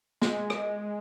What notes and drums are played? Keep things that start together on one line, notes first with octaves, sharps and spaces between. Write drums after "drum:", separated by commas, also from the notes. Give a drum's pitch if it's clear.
G#3, drum: snare
drum: rim click